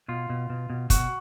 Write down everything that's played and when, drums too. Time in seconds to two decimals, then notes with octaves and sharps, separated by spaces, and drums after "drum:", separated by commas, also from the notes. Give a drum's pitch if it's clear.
0.08 B2 F4
0.30 B2
0.50 B2
0.70 B2
0.90 B2 F#4, drum: kick, hi-hat